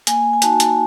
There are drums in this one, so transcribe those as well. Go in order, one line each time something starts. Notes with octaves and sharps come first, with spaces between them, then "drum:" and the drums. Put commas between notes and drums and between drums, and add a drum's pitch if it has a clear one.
A#3 G#5, drum: hi-hat
G#5
D#4 F#4 A5, drum: hi-hat
drum: hi-hat